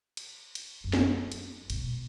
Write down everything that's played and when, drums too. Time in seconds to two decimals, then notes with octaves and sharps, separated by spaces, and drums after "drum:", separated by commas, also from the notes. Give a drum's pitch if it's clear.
0.17 drum: cymbal
0.55 drum: cymbal
0.84 F#2
0.93 drum: snare
1.32 drum: cymbal
1.70 B2, drum: cymbal